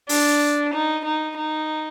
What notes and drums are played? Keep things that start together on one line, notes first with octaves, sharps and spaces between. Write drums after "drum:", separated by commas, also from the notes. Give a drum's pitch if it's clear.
D4, drum: open hi-hat
D#4
D#4
D#4